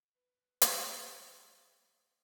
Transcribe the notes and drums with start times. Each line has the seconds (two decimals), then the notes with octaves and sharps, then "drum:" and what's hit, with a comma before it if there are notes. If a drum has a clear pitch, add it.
0.15 B4
0.61 C5, drum: hi-hat